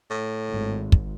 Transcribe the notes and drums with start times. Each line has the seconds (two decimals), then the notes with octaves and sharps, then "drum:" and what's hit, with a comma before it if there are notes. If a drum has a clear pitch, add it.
0.11 A2
0.52 G#1
0.92 drum: kick